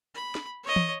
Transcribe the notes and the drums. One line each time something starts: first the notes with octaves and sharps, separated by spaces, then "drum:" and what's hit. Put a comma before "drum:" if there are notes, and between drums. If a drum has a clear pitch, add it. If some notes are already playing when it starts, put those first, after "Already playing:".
B5
drum: snare
C#5 D#5
drum: tom E3